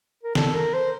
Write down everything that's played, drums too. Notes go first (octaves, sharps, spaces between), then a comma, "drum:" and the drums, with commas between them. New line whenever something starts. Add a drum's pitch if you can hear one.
A#4
A4, drum: snare
A#4
C5